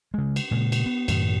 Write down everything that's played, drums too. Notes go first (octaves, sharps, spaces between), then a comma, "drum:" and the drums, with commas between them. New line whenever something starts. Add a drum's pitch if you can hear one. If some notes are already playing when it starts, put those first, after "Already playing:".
C#3 G#3
drum: cymbal
A#2 C#3 G#3
drum: cymbal
B3
F#2 A2 C3 D#3, drum: cymbal